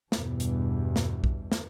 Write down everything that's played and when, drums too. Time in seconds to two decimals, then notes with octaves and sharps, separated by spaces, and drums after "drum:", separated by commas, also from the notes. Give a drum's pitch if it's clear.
0.12 E2 G2 B2, drum: snare
0.40 drum: hi-hat
0.96 drum: snare
1.24 drum: kick B1
1.52 drum: snare